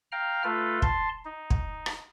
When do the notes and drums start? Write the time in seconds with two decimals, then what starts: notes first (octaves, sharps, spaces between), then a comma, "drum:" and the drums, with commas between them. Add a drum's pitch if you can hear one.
0.12 F5 G5 A#5 F6
0.44 A3 F4 A4 B4
0.82 A5 C6, drum: kick
1.25 D#4
1.50 drum: kick
1.86 drum: rim click